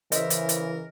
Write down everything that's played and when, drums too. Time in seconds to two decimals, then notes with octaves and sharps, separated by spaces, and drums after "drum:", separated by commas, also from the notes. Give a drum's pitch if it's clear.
0.12 C#3 E3 A#4 C5 D#5 E5, drum: hi-hat
0.30 drum: hi-hat
0.49 drum: hi-hat